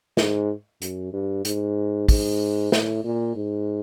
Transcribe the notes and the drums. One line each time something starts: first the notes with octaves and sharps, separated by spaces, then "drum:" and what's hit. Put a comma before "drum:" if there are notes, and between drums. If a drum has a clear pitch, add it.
G#2, drum: snare
F#2, drum: hi-hat
G2
G#2, drum: hi-hat
G#2, drum: kick, open hi-hat
A2, drum: snare
A#2
G#2